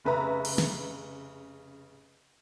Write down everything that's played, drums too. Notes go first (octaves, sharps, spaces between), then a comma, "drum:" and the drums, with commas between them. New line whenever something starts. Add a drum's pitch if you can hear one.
F1 C#3 B4 E5 A#5
drum: cymbal
drum: snare